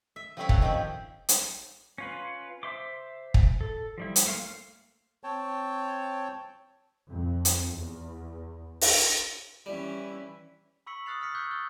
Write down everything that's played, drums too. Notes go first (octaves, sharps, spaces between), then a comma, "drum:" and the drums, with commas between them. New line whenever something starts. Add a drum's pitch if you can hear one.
E5
F3 G3 A3 C4 C#4 E4
E4 C5 C#5 F#5 A5, drum: kick
D#3 F3 C4 C#4 G4 D5
drum: hi-hat
C#4 F4 B4
C5 E5 C6 D6
drum: kick
A4
F3 G3 E4
drum: hi-hat
A3 A#3 F5 C6 F6
C4 C#5 G5 A5
F2
drum: hi-hat
E2
drum: open hi-hat
E3 G3 C#4 E4
B5 C#6 E6 B6 C#7 F#7
D#6 F6 F#6 A6 C7 F7
D#6 F6 A6 B6 C#7
C#6 D6 E6 F#6 G6
D#6 F6 A6 G7